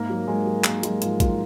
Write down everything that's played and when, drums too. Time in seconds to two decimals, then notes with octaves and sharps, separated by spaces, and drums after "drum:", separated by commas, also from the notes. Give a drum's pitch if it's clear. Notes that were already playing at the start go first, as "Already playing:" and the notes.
Already playing: G#2 A#3 A#4
0.10 F#3
0.28 G#2 G#3 G#4
0.46 F#3
0.64 G#2 A#3 A#4, drum: clap
0.83 F#3 G#3 G#4, drum: hi-hat
1.02 G#2 F3 F4, drum: hi-hat
1.20 F#3 F4, drum: kick A#1, hi-hat
1.29 D#4